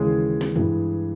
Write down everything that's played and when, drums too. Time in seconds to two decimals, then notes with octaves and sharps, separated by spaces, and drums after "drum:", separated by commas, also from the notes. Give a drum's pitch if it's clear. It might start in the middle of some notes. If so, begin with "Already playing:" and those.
Already playing: D#2 C#3 E3 G#3 G#4
0.41 drum: snare
0.56 G2 E3, drum: tom